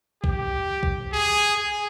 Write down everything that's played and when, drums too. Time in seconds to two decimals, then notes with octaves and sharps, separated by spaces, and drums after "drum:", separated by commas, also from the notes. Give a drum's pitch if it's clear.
0.24 G4, drum: kick
0.83 drum: kick
1.13 G#4
1.57 G#4